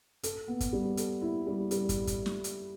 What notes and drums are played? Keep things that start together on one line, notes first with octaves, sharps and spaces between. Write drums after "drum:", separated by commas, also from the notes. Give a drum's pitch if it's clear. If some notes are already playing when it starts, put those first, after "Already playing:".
A4, drum: hi-hat
B3
drum: kick, hi-hat
G3
A4, drum: hi-hat
E4
G3
G3, drum: hi-hat
drum: kick, hi-hat
drum: kick, hi-hat
drum: snare
drum: hi-hat